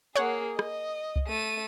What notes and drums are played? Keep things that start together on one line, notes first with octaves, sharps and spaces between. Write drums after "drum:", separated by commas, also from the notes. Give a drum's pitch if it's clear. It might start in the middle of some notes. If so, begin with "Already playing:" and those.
A#3 G#4 C#5 F#5
D#5, drum: rim click
drum: kick C2
A3 D#7